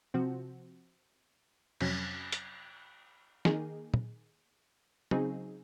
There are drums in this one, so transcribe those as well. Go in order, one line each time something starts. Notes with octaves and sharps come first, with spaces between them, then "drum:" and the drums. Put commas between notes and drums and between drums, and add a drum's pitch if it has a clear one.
C3 F3 C4 F#4
F2 C3 F#3 C#4, drum: cymbal
drum: hi-hat
D#3 A#3 D#4 G#4, drum: snare
drum: tom
C#3 F#3 C4 D#4 G#4, drum: tom